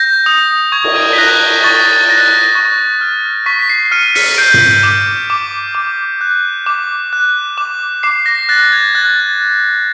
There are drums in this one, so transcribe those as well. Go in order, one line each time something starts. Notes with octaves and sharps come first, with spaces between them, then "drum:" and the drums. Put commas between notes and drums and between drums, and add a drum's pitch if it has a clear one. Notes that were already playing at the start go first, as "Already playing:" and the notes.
Already playing: G6 A#6
D#6
C#6 G#6
drum: cymbal
B6
F#6 A#6
C#6 A6
F#6 A#6
C#6
F6
C#6 B6
B6
C7
F6 C#7 D#7
B6 C#7, drum: open hi-hat
G6 C7 D7
drum: tom
D6
D6
D6
F#6
D6
F#6
D6
D6 C7
A#6
F#6 A6
G#6
F#6 A6